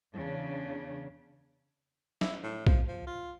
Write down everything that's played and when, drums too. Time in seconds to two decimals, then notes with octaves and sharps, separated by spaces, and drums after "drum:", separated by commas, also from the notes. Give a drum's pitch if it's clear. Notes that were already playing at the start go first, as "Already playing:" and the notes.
0.11 E2 C#3 D4
2.21 E4, drum: snare
2.43 A2
2.67 F3, drum: kick
2.88 F3
3.07 F4